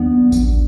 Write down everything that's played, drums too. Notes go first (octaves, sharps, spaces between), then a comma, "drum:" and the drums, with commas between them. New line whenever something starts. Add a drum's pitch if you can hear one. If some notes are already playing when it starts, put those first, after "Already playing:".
Already playing: D#2 D#3 F#3 B3 D4
drum: kick A1, tambourine